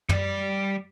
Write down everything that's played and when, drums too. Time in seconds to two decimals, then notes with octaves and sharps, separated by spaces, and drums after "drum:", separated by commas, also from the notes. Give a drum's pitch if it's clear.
0.09 G3 D5, drum: tom